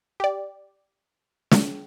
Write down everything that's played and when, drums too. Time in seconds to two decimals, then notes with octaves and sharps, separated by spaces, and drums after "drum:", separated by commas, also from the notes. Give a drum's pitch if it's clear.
0.20 G4 D5
1.51 drum: snare